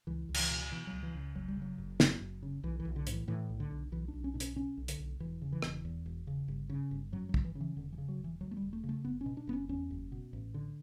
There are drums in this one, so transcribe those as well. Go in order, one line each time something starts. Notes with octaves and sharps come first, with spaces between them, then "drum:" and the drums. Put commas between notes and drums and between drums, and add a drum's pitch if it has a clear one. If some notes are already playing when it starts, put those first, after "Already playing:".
C#2 E3
C#2
D3, drum: cymbal
E3
B2
B2 E3
F#3
C#2
E3
C#2
F#1 F#3
G3
C#3 F#3
F#1
F#2, drum: snare
F#1
C#3
B1 E3
E3
B1
D3
A2, drum: hi-hat
E3
A2 E3
B1
D3
B1
B1 E3
D4
B1
C#4
B2 D4
C#4, drum: hi-hat
B2 C#4
B1
D3, drum: hi-hat
B1
E1 E3
C#3
E3
E1, drum: rim click
E2
E1
C#3
G1
C#3
G1
F#2 F#3
F#3
G1, drum: kick
E3
C#3
E3
E1 D3
E3
C#3
F#3
E1
E3
D2 F#3
A3
G3
E1
A3
C#3
A3
F#1 B3
C#4
B2
D4
F#1 B3
C#4
E2 C#4
F#1
B2
A1
D3